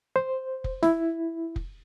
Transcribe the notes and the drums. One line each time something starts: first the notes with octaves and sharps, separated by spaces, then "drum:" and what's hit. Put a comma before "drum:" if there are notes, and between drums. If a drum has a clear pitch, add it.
C5
drum: kick F1
E4, drum: snare
drum: kick F1